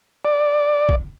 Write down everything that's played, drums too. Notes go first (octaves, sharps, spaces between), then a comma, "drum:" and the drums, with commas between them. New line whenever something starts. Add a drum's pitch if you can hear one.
D5
drum: kick